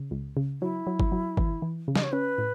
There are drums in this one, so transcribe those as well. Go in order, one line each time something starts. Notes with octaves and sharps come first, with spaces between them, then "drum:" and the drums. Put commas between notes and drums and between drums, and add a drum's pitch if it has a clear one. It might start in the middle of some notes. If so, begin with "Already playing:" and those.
Already playing: C#3
C#2
C#3
F#3 E4
F#3
drum: kick
F#3
E3, drum: kick
E3
C#3
D#5, drum: snare
C#5
C#4 B4
A2